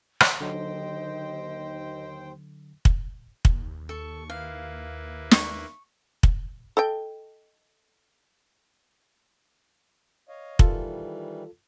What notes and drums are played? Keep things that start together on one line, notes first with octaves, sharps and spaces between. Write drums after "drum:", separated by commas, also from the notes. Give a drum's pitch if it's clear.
drum: rim click
D#2 D3 F#3 C5 D#5 G5
drum: kick
D#2, drum: kick
A4 C#6
A#3 E4 B4 F5
C#6, drum: snare
drum: kick
A4 D#5 G5
C#5 D#5 F5
D#3 E3 G3 F4 A4, drum: kick